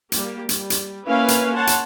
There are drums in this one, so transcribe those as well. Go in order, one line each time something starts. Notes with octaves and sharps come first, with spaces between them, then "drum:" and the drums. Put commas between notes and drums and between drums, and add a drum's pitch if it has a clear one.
G3 A#3 G4, drum: hi-hat
G3, drum: hi-hat
drum: hi-hat
A#3 C#4 E4 B4 C#5 F5
drum: hi-hat
C#5 F#5 A5 C6
drum: hi-hat